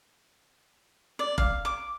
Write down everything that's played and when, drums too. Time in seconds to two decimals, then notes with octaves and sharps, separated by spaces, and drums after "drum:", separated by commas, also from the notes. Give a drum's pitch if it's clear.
1.19 D5
1.38 F5, drum: kick F1
1.65 D6